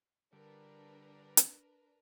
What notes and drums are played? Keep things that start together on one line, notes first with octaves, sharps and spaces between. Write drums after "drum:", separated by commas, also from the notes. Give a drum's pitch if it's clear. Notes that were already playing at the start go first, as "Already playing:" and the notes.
D3 G3 D4 A#4 B4
drum: hi-hat